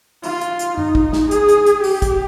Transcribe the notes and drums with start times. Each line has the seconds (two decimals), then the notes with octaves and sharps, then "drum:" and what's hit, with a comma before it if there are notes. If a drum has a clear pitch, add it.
0.23 F4, drum: open hi-hat
0.41 drum: hi-hat
0.59 drum: hi-hat
0.78 D#4, drum: tom F#2
0.95 drum: kick
1.13 drum: snare
1.31 G#4, drum: hi-hat
1.48 drum: hi-hat
1.66 drum: hi-hat
1.84 G4, drum: open hi-hat
2.02 drum: kick, hi-hat